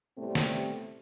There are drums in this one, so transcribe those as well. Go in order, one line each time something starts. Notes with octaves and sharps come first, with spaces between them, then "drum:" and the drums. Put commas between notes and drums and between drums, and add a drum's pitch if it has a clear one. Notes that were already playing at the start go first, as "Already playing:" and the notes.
A2 C3 G3 A3 B3 C4
drum: snare